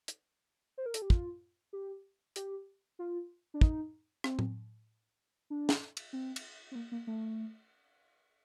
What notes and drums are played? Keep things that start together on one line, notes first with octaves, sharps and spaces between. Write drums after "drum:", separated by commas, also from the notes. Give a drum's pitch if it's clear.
drum: hi-hat
C5
A#4
A4, drum: hi-hat
G4
F4, drum: kick
G4
G4, drum: hi-hat
F4
D4
D#4, drum: kick
C4, drum: rim click
drum: tom A2
D4
drum: snare
drum: cymbal
C4
drum: cymbal
C4
A#3
A#3
A3